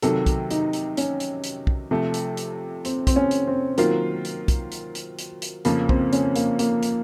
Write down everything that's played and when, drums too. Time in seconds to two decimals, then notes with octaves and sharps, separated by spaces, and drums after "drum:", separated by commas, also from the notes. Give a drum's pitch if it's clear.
0.02 C3 D#3 F#3 A4, drum: hi-hat
0.26 drum: kick, hi-hat
0.51 D#4, drum: hi-hat
0.73 drum: hi-hat
0.97 C#4, drum: hi-hat
1.20 drum: hi-hat
1.44 drum: hi-hat
1.67 drum: kick
1.91 C3 F3 A3
2.14 drum: hi-hat
2.37 drum: hi-hat
2.85 C4, drum: hi-hat
3.07 C4, drum: kick, hi-hat
3.16 C#4
3.31 drum: hi-hat
3.47 C4
3.78 D#3 F#3 A#3 F4, drum: hi-hat
4.25 drum: hi-hat
4.48 drum: kick, hi-hat
4.72 drum: hi-hat
4.95 drum: hi-hat
5.19 drum: hi-hat
5.42 drum: hi-hat
5.65 F2 C#3 F3 A#3, drum: hi-hat
5.89 C4, drum: kick
6.13 C#4, drum: hi-hat
6.36 A#3, drum: hi-hat
6.59 A#3, drum: hi-hat
6.83 drum: hi-hat